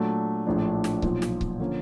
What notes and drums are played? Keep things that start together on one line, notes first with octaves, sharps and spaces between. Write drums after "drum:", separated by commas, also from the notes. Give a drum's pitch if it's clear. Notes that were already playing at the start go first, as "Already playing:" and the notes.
Already playing: A#2 F#3 A3 D4
A#1 A2 F3 A3 D4
drum: snare
B1 A#2 F3, drum: kick C#1
drum: snare
drum: kick C#1
D3 F3 A#3 C#4